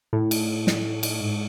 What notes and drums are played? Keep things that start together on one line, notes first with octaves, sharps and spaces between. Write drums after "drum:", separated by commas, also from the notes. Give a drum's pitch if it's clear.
A2
drum: cymbal
drum: snare
drum: cymbal
G#2